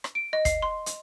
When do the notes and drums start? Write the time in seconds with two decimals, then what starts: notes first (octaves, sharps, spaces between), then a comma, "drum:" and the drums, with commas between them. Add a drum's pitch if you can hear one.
0.04 drum: rim click
0.15 D7
0.33 D#5
0.45 C7, drum: kick, hi-hat
0.62 C6
0.86 drum: hi-hat